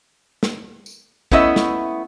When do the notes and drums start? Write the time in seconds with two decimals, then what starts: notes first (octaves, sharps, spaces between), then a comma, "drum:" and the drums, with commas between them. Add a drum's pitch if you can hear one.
0.43 drum: snare
0.86 drum: tambourine
1.32 A3 B3 C#4 E4 D#5 E5, drum: kick
1.56 drum: snare